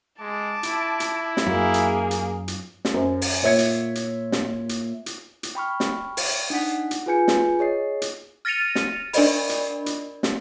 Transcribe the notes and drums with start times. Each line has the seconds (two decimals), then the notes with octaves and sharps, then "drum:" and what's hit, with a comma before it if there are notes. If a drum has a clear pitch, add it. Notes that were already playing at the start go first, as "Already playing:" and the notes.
0.20 G#3 A5 D6
0.63 E4, drum: hi-hat
1.00 drum: hi-hat
1.37 drum: snare
1.47 F#2 A#3 G#4
1.74 drum: hi-hat
2.11 drum: hi-hat
2.48 drum: hi-hat
2.85 drum: snare
2.94 F#2 C5
3.22 drum: open hi-hat
3.43 A#2 C#5 E5 G#6 C#7
3.58 drum: hi-hat
3.95 drum: hi-hat
4.32 drum: snare
4.69 drum: hi-hat
5.06 drum: hi-hat
5.43 drum: hi-hat
5.55 G5 B5 C#6 F6
5.80 drum: snare
6.17 drum: open hi-hat
6.50 D4 D#4 F#5 B6
6.91 drum: hi-hat
7.06 F4 G#4 B4 G#5 G6 C#7
7.28 drum: snare
7.59 G#4 C#5 D#5 C7
8.02 drum: hi-hat
8.45 F6 A6 A#6 C#7 D#7 F7
8.75 drum: snare
9.13 D4 A#4 D5 D#5 B5, drum: open hi-hat
9.49 drum: hi-hat
9.86 drum: hi-hat
10.23 drum: snare